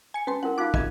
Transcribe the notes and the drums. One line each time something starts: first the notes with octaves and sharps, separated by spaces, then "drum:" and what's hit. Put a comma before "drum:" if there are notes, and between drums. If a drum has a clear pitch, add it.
G#5 C#7
C#4 B4 A5 C6
C#4 E4 A#4 F#5
D#4 F4 F5 D6 F#6
D#5 E5 G#6, drum: kick